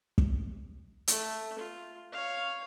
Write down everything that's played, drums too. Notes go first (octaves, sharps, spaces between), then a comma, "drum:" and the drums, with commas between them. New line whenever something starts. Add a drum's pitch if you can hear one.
drum: kick
A3, drum: hi-hat
F4
C#5 F5